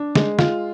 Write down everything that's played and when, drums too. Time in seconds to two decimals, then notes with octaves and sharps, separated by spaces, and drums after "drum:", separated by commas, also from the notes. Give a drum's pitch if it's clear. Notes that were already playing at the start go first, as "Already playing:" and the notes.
Already playing: D4
0.15 G#3, drum: snare
0.39 F4, drum: snare